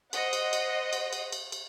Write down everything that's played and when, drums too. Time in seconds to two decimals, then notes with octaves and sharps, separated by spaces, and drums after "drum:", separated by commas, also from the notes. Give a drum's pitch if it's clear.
0.13 C5 D#5 F#5, drum: cymbal
0.33 drum: cymbal
0.53 drum: cymbal
0.93 drum: cymbal
1.13 drum: cymbal
1.32 drum: cymbal
1.52 drum: cymbal